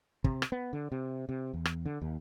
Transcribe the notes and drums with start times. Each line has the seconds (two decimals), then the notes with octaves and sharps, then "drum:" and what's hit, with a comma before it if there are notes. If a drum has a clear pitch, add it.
0.24 C3, drum: kick
0.42 drum: rim click
0.52 B3
0.73 D3
0.92 C3
1.29 C3
1.54 E2
1.65 drum: rim click
1.86 D3
2.01 D#2